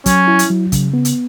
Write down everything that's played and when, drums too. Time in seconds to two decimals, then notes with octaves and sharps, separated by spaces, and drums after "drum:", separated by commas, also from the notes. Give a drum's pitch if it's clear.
0.06 F#3 C#4, drum: kick, hi-hat
0.28 E4
0.39 drum: hi-hat
0.50 F#3
0.72 C#3, drum: kick, hi-hat
0.93 B3
1.05 drum: hi-hat